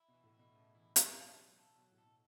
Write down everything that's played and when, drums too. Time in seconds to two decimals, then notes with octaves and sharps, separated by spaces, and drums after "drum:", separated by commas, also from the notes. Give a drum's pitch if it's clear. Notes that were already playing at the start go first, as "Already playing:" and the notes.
Already playing: E4
0.08 B2
0.14 E3
0.24 A2
0.34 E4
0.39 B2
0.54 A2 C#3
0.75 E3 E4
0.96 D3 E4, drum: hi-hat
1.15 B2 A4
1.37 F#3
1.57 A4
1.78 B2 F#3
1.91 A2
1.98 A4
2.05 B2